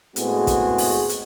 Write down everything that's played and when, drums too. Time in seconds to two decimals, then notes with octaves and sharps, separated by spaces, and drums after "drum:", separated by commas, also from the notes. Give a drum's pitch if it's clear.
0.16 A2 G#3 B3 C4 F#4 G#4, drum: hi-hat
0.47 drum: kick, hi-hat
0.78 drum: open hi-hat
1.09 drum: hi-hat